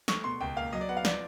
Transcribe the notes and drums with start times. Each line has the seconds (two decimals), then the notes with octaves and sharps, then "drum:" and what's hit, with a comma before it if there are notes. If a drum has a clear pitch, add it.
0.08 A3 C#6, drum: snare
0.24 B2 C6
0.40 C#2 G5
0.57 A#3 F5
0.73 F#3 D#5
0.81 D5
0.89 B3 F#5
0.97 F5
1.05 F3 D5, drum: snare